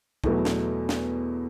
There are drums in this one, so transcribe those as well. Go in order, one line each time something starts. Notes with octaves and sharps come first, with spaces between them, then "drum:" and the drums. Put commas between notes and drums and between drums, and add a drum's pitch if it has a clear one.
E2 B2 F#3 A3, drum: kick
drum: snare
drum: snare